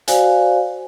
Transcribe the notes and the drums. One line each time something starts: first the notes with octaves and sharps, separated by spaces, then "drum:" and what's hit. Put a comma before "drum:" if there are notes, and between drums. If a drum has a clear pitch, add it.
F#4 C5 D5 F5 G#5, drum: hi-hat